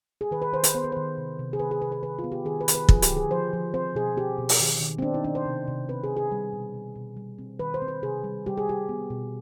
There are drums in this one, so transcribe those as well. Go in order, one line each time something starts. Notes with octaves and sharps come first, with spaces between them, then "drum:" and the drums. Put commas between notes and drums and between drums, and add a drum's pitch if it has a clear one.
G#4
D#3 B4
B4
D#3 C5
B4, drum: hi-hat
B3 C5
B4
D#3 C5
C3
C3
G#4
D#3 B4
G#4
C3 B4
B4
D#3 B4
F4
B3
G4
D#3 G#4
B4
D#3, drum: hi-hat
B4
F3 G#4, drum: kick
G4, drum: hi-hat
D3
G#4
F3 C5
F3
C4 C5
B2 G#4
C4 G4
B2
drum: open hi-hat
D#3
D#3
C4
B3 D4
D#4
D#3 D4
C5
C3
C3
C4 B4
G#4
C4
G#4
G3
B2
B2
B2
G3
C4
D#3 B4
C5
C4
B4
C3 G#4
G3
G3 G4
G#4
G3 G4
B3
B2